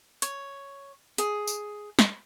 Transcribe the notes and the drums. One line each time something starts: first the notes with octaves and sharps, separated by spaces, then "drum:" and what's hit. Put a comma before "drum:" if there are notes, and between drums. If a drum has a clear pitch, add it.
C#5, drum: hi-hat
G#4, drum: hi-hat
drum: tambourine
drum: snare